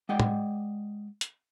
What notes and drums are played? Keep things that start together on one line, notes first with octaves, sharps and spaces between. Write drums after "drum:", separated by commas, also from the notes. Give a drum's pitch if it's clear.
G#3 D5 D#5 F#5 G5
drum: tom
drum: hi-hat